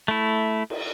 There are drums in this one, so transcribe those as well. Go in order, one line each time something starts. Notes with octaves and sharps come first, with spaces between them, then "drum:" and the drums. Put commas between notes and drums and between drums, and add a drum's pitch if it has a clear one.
A3 E4
drum: cymbal